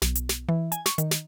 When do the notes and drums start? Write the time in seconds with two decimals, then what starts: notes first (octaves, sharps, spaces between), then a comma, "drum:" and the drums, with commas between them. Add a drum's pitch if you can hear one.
0.02 B1, drum: snare
0.15 drum: hi-hat
0.29 drum: snare
0.49 E3
0.72 G#5, drum: hi-hat
0.86 C#6, drum: snare
0.98 D#3, drum: hi-hat
1.11 drum: snare